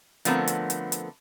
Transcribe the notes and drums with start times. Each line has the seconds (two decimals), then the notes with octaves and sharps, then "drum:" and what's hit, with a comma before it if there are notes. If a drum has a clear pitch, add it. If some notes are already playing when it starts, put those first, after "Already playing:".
0.25 D3 F3 A3 B3 C4 A#4, drum: hi-hat
0.47 drum: hi-hat
0.70 drum: hi-hat
0.92 drum: hi-hat